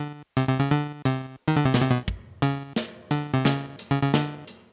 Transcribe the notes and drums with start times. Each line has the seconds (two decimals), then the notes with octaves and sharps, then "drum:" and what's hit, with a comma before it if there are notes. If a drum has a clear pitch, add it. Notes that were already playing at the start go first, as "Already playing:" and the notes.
Already playing: D3
0.37 C3, drum: hi-hat
0.48 C3
0.59 C#3
0.71 D3
1.05 C3, drum: hi-hat
1.48 D#3
1.56 D3
1.65 C3
1.74 B2, drum: snare
1.82 C3
1.91 B2
2.08 drum: kick
2.42 C#3, drum: hi-hat
2.76 drum: snare
3.11 D3, drum: hi-hat
3.34 C3
3.45 C#3, drum: snare
3.79 drum: hi-hat
3.91 C#3
4.02 C#3
4.14 D3, drum: snare
4.48 drum: hi-hat